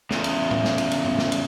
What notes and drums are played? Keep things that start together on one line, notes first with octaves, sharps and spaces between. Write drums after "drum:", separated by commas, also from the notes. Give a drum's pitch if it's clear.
E2 C#3, drum: snare
drum: cymbal
drum: tom A2
drum: snare
drum: cymbal
drum: cymbal
drum: tom G#2
drum: snare
drum: cymbal